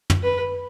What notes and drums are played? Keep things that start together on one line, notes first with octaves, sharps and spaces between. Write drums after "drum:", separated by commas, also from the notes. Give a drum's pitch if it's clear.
drum: tom
B4